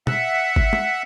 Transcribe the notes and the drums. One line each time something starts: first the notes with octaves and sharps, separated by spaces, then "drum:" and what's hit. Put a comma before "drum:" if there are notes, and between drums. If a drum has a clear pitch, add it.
E5 F#5, drum: tom
drum: kick G1
drum: tom